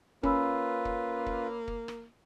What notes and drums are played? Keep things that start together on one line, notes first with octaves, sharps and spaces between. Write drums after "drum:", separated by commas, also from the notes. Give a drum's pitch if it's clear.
A#3 C#4 F4 B4 C#5 B5 E6, drum: kick
drum: kick
drum: kick
drum: kick
drum: rim click